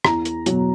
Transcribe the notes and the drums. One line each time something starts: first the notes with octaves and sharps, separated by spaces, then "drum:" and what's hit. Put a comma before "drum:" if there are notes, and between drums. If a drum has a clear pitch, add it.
E2 A#5, drum: rim click
drum: hi-hat
B2 F#3, drum: hi-hat